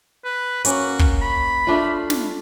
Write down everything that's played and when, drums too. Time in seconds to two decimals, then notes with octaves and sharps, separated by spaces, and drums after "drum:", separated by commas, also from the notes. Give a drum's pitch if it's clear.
0.25 B4
0.65 A#3 C#4 F#4, drum: hi-hat
0.99 drum: kick
1.22 B5
1.67 A3 D4 F4
2.10 drum: snare